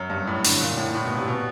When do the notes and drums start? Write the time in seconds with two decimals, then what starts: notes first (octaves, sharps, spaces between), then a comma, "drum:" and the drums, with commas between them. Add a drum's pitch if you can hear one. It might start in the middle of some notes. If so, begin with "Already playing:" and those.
Already playing: F#2
0.10 G2
0.27 A2
0.45 D3, drum: open hi-hat
0.61 A#2
0.77 A2
0.94 A2
1.05 B2
1.17 C3
1.28 B2